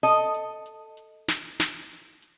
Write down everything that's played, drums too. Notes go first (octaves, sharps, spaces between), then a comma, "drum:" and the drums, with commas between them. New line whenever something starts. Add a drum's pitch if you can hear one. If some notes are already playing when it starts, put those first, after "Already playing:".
A4 D#5, drum: hi-hat
drum: hi-hat
drum: hi-hat
drum: hi-hat
drum: snare
drum: snare
drum: hi-hat
drum: hi-hat